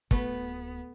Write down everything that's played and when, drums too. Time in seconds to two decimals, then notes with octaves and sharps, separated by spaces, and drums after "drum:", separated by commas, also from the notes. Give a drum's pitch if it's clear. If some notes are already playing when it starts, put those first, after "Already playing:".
0.11 D1 A3 B3 B4, drum: kick